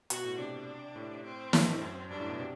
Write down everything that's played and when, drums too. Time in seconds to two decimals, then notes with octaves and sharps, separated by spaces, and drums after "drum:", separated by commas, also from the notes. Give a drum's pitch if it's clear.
0.10 B2 F#4, drum: hi-hat
0.24 A2
0.39 C3 D4
0.96 A2
1.24 C4
1.53 G2, drum: snare
1.68 A2
1.81 F#2
2.10 G2 D4
2.20 A2
2.29 B2
2.39 C3